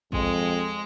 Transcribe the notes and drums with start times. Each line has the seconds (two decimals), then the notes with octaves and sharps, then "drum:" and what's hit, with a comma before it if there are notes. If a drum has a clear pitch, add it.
0.12 F2 G#3, drum: kick A1